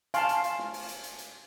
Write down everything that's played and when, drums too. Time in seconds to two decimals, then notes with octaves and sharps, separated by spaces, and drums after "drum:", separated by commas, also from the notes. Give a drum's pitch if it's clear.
0.14 F5 G#5 A5 C6 C#6, drum: hi-hat
0.29 drum: hi-hat
0.44 drum: hi-hat
0.59 drum: snare
0.74 drum: open hi-hat
0.89 drum: hi-hat
1.04 drum: hi-hat
1.18 drum: hi-hat